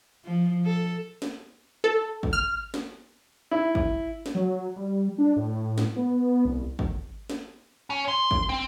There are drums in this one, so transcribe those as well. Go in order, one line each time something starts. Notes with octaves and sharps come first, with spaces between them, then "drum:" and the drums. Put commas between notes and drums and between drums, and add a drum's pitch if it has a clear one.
F3
A4
drum: snare
A4
drum: kick
F6
drum: snare
E4
drum: kick
drum: snare
F#3
G3
D4
A2
drum: snare
B3
C2
drum: kick
drum: snare
C#4
C6
drum: kick
C4